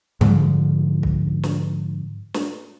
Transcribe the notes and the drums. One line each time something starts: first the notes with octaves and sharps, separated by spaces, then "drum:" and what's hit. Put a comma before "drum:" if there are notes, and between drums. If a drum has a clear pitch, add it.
G#2 D3 F3, drum: tom G3
drum: kick
drum: snare
drum: snare